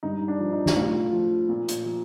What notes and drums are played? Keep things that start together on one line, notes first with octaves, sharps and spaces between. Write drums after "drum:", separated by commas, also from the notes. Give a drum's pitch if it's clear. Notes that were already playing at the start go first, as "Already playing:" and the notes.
G2 D#4
D4
F3
D#4
drum: snare
A2 F4
F3
A#2
drum: hi-hat
F3